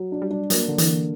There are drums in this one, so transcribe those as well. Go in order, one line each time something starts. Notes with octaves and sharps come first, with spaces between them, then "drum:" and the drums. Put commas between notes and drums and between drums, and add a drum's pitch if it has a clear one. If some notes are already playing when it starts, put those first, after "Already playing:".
Already playing: F#3
D4
G3
D4
F#3 A#3, drum: hi-hat
D3
E3, drum: hi-hat
A#3